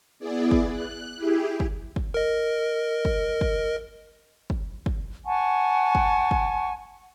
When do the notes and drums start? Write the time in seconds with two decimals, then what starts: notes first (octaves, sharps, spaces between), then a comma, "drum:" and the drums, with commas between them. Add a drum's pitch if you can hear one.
0.19 B3 E4 G#4 D5
0.51 drum: kick
0.72 F#6
1.16 E4 G4 G#4
1.60 drum: kick
1.96 drum: kick
2.14 A#4 D#5
3.05 drum: kick
3.41 drum: kick
4.50 drum: kick
4.86 drum: kick
5.26 F#5 G#5 A5 C#6
5.95 drum: kick
6.31 drum: kick